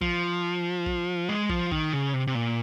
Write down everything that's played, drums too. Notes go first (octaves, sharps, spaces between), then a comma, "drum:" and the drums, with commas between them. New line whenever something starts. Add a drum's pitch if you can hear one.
F3, drum: kick
drum: kick
G#3
F3, drum: kick
D#3, drum: kick
C#3
C3
C3
A#2